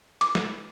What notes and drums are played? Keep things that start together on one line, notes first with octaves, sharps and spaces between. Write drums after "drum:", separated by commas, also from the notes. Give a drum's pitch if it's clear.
D6, drum: cymbal
drum: snare